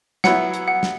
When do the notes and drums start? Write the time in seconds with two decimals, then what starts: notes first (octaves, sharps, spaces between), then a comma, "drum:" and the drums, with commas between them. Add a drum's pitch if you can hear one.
0.24 F#3 B3 E4 F#5, drum: snare
0.54 drum: hi-hat
0.68 F#5
0.83 drum: snare